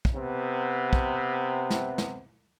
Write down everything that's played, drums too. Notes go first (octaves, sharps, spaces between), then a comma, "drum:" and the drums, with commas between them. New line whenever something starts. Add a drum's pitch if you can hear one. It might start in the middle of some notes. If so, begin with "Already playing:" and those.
drum: kick
C3 B3
drum: kick
drum: snare
drum: snare